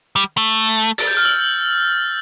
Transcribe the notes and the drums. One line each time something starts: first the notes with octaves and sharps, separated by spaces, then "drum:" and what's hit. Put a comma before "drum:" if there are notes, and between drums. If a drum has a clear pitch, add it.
G3
A3
A6, drum: open hi-hat
G6
F6
E6